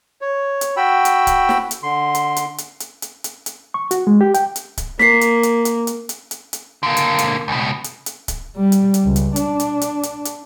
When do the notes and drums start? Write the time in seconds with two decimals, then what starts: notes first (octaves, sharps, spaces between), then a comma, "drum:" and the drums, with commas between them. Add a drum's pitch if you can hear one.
0.21 C#5
0.61 drum: hi-hat
0.77 F#4 G5 B5 E6
1.05 drum: hi-hat
1.27 drum: kick D1, hi-hat
1.49 drum: snare
1.71 drum: hi-hat
1.83 D3 C6
2.15 drum: hi-hat
2.36 drum: hi-hat
2.58 drum: hi-hat
2.80 drum: hi-hat
3.02 drum: hi-hat
3.24 drum: hi-hat
3.46 drum: hi-hat
3.74 C#6
3.91 F#4, drum: hi-hat
4.07 G#3
4.21 G4
4.34 G5, drum: hi-hat
4.56 drum: hi-hat
4.78 drum: kick D1, hi-hat
4.99 A#3 B6 C7, drum: snare
5.21 drum: hi-hat
5.43 drum: hi-hat
5.65 drum: hi-hat
5.87 drum: hi-hat
6.09 drum: hi-hat
6.31 drum: hi-hat
6.53 drum: hi-hat
6.83 D3 A#3
6.97 drum: hi-hat
7.19 drum: hi-hat
7.48 C#2 B2
7.84 drum: hi-hat
8.06 drum: hi-hat
8.28 drum: kick D1, hi-hat
8.56 G3
8.72 drum: hi-hat
8.94 drum: hi-hat
9.04 C#2
9.16 drum: hi-hat
9.36 D4, drum: hi-hat
9.60 drum: hi-hat
9.81 drum: hi-hat
10.03 drum: hi-hat
10.25 drum: hi-hat